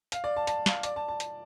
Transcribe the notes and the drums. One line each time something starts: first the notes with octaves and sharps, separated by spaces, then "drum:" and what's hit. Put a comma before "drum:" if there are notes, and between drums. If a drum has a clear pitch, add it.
F5, drum: hi-hat
D5
A5
A5, drum: hi-hat
F5, drum: snare
D5, drum: hi-hat
A5
A5
drum: hi-hat